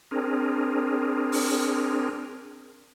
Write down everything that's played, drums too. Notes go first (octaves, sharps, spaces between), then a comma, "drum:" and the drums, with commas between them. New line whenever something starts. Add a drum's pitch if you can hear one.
C4 D4 G#4 A#4
drum: open hi-hat